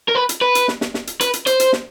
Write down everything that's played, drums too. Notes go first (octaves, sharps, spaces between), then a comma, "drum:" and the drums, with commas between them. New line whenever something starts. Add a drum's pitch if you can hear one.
A#4
B4
drum: hi-hat
B4
drum: hi-hat
drum: snare
drum: snare
drum: snare
drum: hi-hat
B4, drum: hi-hat
drum: hi-hat
C5, drum: hi-hat
drum: hi-hat
drum: snare